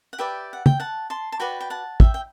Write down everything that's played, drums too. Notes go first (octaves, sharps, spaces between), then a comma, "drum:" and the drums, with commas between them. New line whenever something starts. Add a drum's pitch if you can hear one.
F#5
G4 B4 D5 E5 G5
F#5
G5, drum: tom
F#5 A5
A5 C6
A5
F#4 B4 D5 G5 B5
G5
F#5 A5
E5 G5, drum: kick
G5